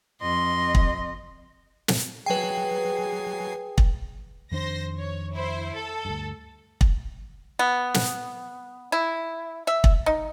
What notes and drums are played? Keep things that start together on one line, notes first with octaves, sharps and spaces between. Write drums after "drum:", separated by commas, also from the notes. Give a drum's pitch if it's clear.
F2 D#5 C6
drum: kick
drum: snare
F#3 G#4 B4 G5 G#5 C7
drum: kick
F2 D#3 D4 C5 C6 A#6
C#5
E4 C5
A4
D2 G2
drum: kick
B3
drum: snare
E4
E5
drum: kick
D#4